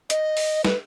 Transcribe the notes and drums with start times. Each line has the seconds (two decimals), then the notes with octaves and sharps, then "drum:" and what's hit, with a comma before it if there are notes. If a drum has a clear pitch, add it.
0.10 D#5, drum: hi-hat
0.37 drum: open hi-hat
0.64 B4, drum: snare